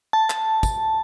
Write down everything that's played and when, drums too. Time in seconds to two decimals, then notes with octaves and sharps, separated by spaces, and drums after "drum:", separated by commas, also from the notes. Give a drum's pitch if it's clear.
0.13 A5
0.30 drum: clap
0.63 drum: kick, tambourine